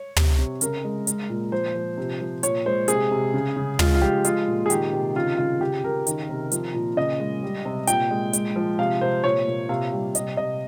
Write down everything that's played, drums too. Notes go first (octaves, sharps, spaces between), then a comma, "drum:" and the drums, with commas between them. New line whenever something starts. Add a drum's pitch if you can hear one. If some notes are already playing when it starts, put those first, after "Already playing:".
Already playing: C#5
C3, drum: tom
C3
C#3 A#4, drum: hi-hat
G#3
G#3, drum: hi-hat
A#2
F3 C5
F3
C3
F3
A#2 C#5, drum: hi-hat
G#3 C5
C3 G#4, drum: hi-hat
C3
C#3
C#3
G#3 F4, drum: tom
F4
F3 G4
G#3 F4, drum: hi-hat
A#2
G#4
D#3 G4, drum: hi-hat
C3
C#3 F4
C#3 F4
C#3 G4
C#3 A#4
D#3, drum: hi-hat
C3
F3, drum: hi-hat
A#2
C#3 D#5
G#3
G3
C3
A#2 G5, drum: hi-hat
G#3
G#3, drum: hi-hat
F3
C3 F5
C3 C5
A#2 C#5
A#2
C3 F5
G3
C3 D#5, drum: hi-hat
C3 D#5